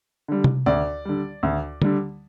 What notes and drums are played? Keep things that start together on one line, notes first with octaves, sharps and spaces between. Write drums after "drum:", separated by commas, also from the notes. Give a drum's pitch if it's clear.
D3 G3
drum: tom C3
D2 D5
D3 G3
D2
D3 G3, drum: tom D3